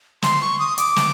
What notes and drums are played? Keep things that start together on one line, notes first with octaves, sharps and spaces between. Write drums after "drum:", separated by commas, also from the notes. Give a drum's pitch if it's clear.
C6, drum: snare
C#6
D#6
D6, drum: hi-hat
drum: snare